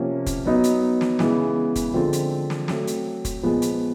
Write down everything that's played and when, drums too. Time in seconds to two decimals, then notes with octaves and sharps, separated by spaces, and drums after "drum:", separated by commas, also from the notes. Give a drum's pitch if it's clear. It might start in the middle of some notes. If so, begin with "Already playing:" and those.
Already playing: C3 F3 A#3 C#4
0.26 drum: kick F1, hi-hat
0.45 F#3 B3 D#4
0.64 drum: hi-hat
1.01 drum: snare
1.19 C#3 E3 G#3 B3, drum: snare
1.75 drum: kick F1, hi-hat
1.94 D3 F3 G#3 C4 F4
2.13 drum: hi-hat
2.50 drum: snare
2.68 F#3 A3 C4, drum: snare
2.87 drum: hi-hat
3.25 drum: kick F1, hi-hat
3.43 A#2 F3 G#3 B3
3.62 drum: hi-hat